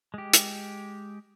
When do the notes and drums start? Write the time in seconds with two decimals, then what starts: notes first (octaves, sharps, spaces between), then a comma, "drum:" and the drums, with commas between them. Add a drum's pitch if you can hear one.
0.14 G#3 G4
0.33 drum: hi-hat